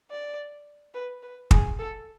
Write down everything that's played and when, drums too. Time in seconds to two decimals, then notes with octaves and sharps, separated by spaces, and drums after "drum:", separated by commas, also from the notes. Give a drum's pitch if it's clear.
0.11 D5
0.94 B4
1.23 B4
1.51 G#4, drum: kick
1.79 A4